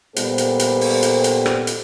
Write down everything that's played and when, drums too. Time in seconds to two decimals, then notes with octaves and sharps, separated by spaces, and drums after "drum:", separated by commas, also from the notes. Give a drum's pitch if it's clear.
0.16 A#2 G3 B3 A4 C5, drum: hi-hat
0.38 drum: hi-hat
0.59 drum: hi-hat
0.81 drum: open hi-hat
1.03 drum: hi-hat
1.24 drum: hi-hat
1.46 drum: rim click
1.67 drum: hi-hat